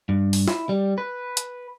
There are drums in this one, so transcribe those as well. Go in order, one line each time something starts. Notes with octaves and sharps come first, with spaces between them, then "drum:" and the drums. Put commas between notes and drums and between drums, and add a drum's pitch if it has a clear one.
G2
drum: open hi-hat
E4, drum: snare
G3
B4
drum: hi-hat